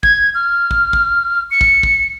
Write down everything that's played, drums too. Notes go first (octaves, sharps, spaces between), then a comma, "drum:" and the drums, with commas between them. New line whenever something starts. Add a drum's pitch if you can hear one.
G#6, drum: kick
F6
drum: kick
drum: kick
C#7
drum: kick
drum: kick